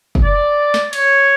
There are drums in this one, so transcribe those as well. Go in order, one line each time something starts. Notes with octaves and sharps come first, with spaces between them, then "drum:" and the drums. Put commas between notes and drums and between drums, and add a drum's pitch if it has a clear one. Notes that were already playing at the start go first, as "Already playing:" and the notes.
drum: kick
D5
drum: snare
C#5, drum: cymbal